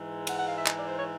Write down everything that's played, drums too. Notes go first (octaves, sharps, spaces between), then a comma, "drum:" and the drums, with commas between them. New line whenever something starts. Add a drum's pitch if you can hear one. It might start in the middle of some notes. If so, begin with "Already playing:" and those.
Already playing: G#2 E3 G#3
F#5, drum: cymbal
F#5
F5
E5
D#5, drum: clap
D5
C5
C#5